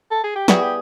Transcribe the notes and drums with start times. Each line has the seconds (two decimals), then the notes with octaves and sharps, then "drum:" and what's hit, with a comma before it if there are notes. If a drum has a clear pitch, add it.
0.11 A4
0.24 G#4
0.36 G4
0.48 G3 B3 E4 F#4 G#4, drum: snare
0.62 G4